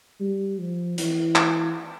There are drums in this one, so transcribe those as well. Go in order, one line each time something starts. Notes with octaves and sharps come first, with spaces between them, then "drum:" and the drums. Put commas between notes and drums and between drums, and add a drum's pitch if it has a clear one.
G3
F3
E3, drum: hi-hat
drum: clap